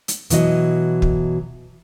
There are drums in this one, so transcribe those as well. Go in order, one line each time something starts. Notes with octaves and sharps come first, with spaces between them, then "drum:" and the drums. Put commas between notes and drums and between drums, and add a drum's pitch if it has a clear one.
drum: hi-hat
B2 E3 F#3 D#5, drum: hi-hat
drum: kick